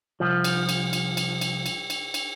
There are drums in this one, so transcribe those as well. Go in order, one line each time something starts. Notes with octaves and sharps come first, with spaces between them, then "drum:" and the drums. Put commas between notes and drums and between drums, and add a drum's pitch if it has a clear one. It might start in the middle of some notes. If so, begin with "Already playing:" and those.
C2 F3
drum: cymbal
drum: cymbal
drum: cymbal
drum: cymbal
drum: cymbal
drum: cymbal
drum: cymbal
drum: cymbal